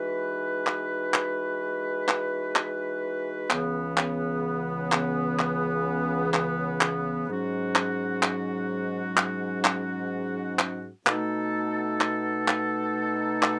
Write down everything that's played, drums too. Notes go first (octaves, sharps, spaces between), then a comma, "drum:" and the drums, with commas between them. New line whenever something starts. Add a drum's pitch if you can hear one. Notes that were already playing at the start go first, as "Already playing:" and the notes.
Already playing: E3 G#3 D#4 F#4 B4
drum: clap
drum: clap
drum: clap
drum: clap
C#2 C#3 E3 B3, drum: clap
drum: clap
drum: clap
drum: clap
drum: clap
drum: clap
G#2 F#3 C#4 F#4
drum: clap
drum: clap
drum: clap
drum: clap
drum: clap
B2 A3 D#4 A4, drum: clap
drum: clap
drum: clap
drum: clap